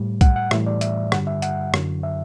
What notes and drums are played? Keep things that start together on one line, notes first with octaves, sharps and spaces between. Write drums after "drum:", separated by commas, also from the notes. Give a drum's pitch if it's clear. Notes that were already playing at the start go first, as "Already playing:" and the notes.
Already playing: A2 G3
F#5, drum: kick B1, hi-hat
F#5
A2 E3 G3 E5, drum: rim click
D5
E5, drum: hi-hat
G2 D3 G3 F#5, drum: rim click
E5
F#5, drum: hi-hat
F#2 D3 F#3, drum: rim click
E5